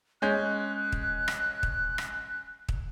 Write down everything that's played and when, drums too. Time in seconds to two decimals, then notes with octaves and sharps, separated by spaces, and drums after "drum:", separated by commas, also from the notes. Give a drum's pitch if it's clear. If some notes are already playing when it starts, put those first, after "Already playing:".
0.22 G#3 C#4 F#6 G6
0.92 drum: kick
1.28 drum: rim click
1.63 drum: kick
1.98 drum: rim click
2.69 drum: kick